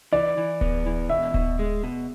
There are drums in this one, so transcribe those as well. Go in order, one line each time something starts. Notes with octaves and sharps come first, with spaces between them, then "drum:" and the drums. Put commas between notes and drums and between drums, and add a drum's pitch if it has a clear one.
E3 D5
E3
B3, drum: kick D1
E3
B2 E5
B2, drum: kick D1
G#3
B2